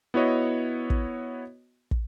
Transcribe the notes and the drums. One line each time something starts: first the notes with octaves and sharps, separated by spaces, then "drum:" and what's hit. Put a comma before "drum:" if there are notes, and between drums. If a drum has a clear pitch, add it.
B3 E4 F#4 C#5 D#5
drum: kick
drum: kick